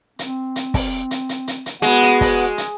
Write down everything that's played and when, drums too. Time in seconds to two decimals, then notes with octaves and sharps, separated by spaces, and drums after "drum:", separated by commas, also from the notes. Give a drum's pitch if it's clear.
0.19 C4, drum: hi-hat
0.56 drum: hi-hat
0.74 drum: kick, open hi-hat
1.11 drum: hi-hat
1.29 drum: hi-hat
1.48 drum: hi-hat
1.66 drum: hi-hat
1.82 G#3 B3 F#4 F#5, drum: hi-hat
2.03 drum: hi-hat
2.21 drum: kick, open hi-hat
2.58 drum: hi-hat